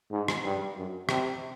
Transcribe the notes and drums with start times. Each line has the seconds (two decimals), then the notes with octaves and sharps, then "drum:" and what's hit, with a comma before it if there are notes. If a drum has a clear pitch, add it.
0.11 G#2
0.28 drum: rim click
0.44 G2
0.77 F#2
1.09 C3, drum: rim click